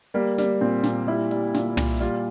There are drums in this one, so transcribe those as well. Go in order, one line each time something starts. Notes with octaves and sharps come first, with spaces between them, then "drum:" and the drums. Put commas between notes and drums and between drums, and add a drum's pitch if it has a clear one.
G3 A#3
G3, drum: snare
A#2 C4
A#2, drum: snare
G3 E4
G3, drum: hi-hat
A#2, drum: snare
A#2, drum: tom
G3 F4